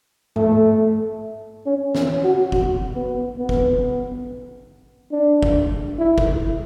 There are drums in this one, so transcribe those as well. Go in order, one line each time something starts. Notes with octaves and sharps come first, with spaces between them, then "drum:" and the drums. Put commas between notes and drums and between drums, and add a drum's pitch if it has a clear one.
A3, drum: tom G#2
C#4
C#4, drum: snare
F#4
F#4, drum: kick
B3
B3
drum: kick
D4
drum: kick
E4
drum: kick